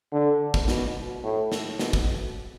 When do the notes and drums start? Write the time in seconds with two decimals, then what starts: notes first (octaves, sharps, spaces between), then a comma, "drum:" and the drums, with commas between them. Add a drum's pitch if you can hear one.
0.12 D3
0.54 drum: kick
0.68 B2, drum: snare
1.24 A2
1.52 drum: snare
1.79 B2, drum: snare
1.93 drum: kick